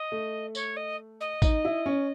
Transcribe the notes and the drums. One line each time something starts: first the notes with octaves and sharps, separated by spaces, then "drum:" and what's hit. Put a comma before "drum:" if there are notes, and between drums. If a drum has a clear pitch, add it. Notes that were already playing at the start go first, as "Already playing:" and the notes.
Already playing: D#5
A3
C#5, drum: tambourine
D#5
D#5
D#4, drum: kick, tambourine
E4
C#4